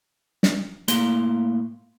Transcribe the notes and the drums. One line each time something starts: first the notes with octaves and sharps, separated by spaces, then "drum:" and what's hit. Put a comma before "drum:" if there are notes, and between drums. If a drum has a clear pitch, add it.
drum: snare
A2 A#3 C6, drum: hi-hat